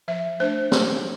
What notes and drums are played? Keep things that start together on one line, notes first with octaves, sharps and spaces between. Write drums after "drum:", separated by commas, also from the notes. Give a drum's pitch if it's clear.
F3 E5
A3 D4 C5
F3, drum: snare